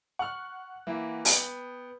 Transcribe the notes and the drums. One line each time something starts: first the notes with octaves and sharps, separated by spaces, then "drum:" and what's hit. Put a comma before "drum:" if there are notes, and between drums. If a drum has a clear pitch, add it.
F#5 C#6 F6
E3 A#3 E4
B3 G5, drum: open hi-hat